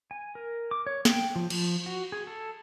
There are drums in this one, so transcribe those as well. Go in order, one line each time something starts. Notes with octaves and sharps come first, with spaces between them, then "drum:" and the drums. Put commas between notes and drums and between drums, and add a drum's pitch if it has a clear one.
G#5
A#4
D6
C#5
G5, drum: snare
F3
F3, drum: cymbal
F#4
G#4
A4